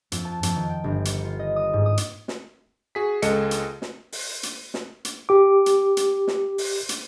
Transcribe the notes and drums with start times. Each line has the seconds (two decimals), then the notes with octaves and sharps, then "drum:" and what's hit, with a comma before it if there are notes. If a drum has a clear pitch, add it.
0.12 F2, drum: hi-hat
0.25 A5
0.43 F2, drum: hi-hat
0.56 D#3
0.69 G5
0.84 G1
1.05 C#7, drum: hi-hat
1.24 F4
1.39 D#5
1.56 D#6
1.73 G#2
1.86 D#6
1.97 drum: hi-hat
2.28 drum: snare
2.95 F#4 G#4 B6
3.22 C#2 G#3 A4 D#5 C#7, drum: hi-hat
3.51 drum: hi-hat
3.82 drum: snare
4.12 drum: open hi-hat
4.43 drum: hi-hat
4.74 drum: snare
5.05 drum: hi-hat
5.29 G4 D6
5.66 drum: hi-hat
5.97 drum: hi-hat
6.27 drum: snare
6.58 drum: open hi-hat
6.89 drum: hi-hat